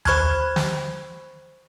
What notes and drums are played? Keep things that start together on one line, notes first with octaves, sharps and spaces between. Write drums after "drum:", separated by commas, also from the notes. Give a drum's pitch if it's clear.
C5 B5 C#6 F6 F#6 G#6, drum: tom D#2
drum: snare